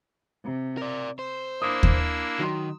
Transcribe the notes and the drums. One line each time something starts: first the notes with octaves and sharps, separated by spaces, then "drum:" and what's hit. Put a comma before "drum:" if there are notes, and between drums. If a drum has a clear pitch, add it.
C3
A#4 D5
C5 E6
A#3 D4 E4 D6 D#6
drum: kick D#2
D#3 F#3 C6